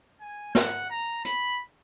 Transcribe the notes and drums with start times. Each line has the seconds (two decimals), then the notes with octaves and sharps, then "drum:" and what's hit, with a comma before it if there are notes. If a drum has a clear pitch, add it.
0.21 G#5
0.55 F#5, drum: snare
0.90 A#5
1.25 B5, drum: hi-hat